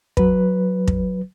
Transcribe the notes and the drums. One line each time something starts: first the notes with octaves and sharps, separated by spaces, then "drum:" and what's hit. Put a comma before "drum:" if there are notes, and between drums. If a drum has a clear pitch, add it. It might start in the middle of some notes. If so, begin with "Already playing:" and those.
F#3 B4, drum: kick
drum: kick